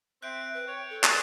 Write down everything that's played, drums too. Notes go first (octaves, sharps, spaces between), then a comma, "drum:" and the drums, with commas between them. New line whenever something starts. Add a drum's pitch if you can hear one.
C4 E5 F#6 G6 D7
B4
C#5 G5
A4
G#3 A#3 B4, drum: clap